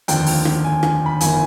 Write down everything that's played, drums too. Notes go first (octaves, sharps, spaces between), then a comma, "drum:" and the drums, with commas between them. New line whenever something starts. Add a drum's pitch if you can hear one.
F1 D#2 D3 F3 G5, drum: hi-hat
drum: open hi-hat
drum: rim click
G#5
drum: rim click
B5
G1 F2 D#3 G#5, drum: hi-hat